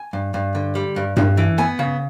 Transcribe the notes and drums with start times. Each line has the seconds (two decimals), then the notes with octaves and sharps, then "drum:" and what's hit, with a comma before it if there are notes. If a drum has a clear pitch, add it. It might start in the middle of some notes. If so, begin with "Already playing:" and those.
Already playing: G#5
0.13 G2
0.34 G2
0.55 D3
0.75 G3
0.96 G2
1.17 G2, drum: tom G2
1.37 E3
1.58 B3 G#5
1.79 C#3